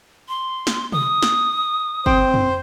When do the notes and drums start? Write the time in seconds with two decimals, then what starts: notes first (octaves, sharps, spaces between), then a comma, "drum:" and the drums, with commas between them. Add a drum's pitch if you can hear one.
0.29 C6
0.67 drum: snare
0.92 D#6, drum: tom
1.22 drum: snare
2.06 C4 C5 G5, drum: kick G1
2.34 drum: tom